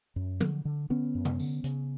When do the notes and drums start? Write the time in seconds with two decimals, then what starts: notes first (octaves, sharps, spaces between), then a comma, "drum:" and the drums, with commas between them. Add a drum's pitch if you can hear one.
0.16 F#2
0.41 D3, drum: tom F3
0.65 D3
0.90 D3 B3 C#4
1.15 F#2
1.25 drum: tom C3
1.40 D3, drum: tambourine
1.64 C#3, drum: hi-hat